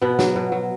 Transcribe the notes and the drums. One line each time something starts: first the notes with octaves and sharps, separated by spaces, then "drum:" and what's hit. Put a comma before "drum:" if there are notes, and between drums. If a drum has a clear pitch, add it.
B2 B3
F#3, drum: snare
B2
F#3